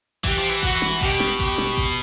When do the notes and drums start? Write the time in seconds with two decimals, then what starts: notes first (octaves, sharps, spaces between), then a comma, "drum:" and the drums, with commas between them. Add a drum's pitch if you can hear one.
0.24 E3 G4, drum: kick A1, hi-hat
0.37 F3
0.49 E3
0.63 F#4, drum: kick A1, open hi-hat
0.82 drum: snare
1.01 B2 G4, drum: kick A1, hi-hat
1.20 drum: snare
1.39 G4, drum: kick A1, open hi-hat
1.58 drum: snare
1.77 drum: kick A1, hi-hat